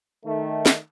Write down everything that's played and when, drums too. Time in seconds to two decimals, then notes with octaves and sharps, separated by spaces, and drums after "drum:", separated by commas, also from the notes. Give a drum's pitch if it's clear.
0.25 D#3 A3
0.66 drum: snare